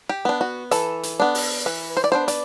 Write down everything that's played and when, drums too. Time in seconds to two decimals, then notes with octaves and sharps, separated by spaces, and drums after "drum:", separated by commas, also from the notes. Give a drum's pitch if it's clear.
0.09 G4
0.25 B3 D4
0.41 F#4
0.71 E3 A4, drum: hi-hat
1.03 drum: hi-hat
1.20 B3 D4
1.35 drum: open hi-hat
1.66 E3 B4
1.97 C5
2.04 D5
2.12 B3 D4 C5
2.28 D5, drum: hi-hat